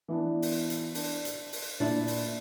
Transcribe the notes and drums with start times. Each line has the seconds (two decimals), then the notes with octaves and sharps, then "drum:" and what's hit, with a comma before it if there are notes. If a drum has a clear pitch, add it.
0.08 E3 B3 D4
0.42 drum: open hi-hat
0.70 drum: hi-hat
0.95 D4, drum: open hi-hat
1.25 drum: hi-hat
1.52 drum: open hi-hat
1.80 A#2 D4 E4
2.08 drum: open hi-hat